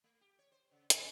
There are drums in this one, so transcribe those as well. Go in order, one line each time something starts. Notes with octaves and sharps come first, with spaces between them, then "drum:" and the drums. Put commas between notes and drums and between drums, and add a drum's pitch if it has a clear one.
A3
G4
C#5
C5
C#3
D3, drum: hi-hat